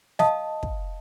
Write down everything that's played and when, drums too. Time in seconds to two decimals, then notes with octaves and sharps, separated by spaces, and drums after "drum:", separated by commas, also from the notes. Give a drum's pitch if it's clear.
0.19 D#5 F5 A5 D#6, drum: snare
0.63 drum: kick